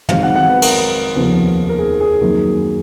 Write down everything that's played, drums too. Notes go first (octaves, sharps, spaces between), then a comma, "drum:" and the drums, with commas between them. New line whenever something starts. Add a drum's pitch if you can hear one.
G#1 G#2 F#3 F5, drum: tom
F#5
F#5
B4
A#4, drum: cymbal
F1 D#2 C#3 F3 B3
A#4
G#4
G#4
F#2 D#3 F#3 A#3 C#4